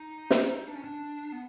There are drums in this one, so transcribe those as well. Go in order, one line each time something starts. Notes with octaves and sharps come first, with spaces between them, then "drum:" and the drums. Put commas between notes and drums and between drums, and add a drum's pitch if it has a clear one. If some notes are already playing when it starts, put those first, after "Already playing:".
Already playing: D#4
drum: snare
D4
C#4
D4
B3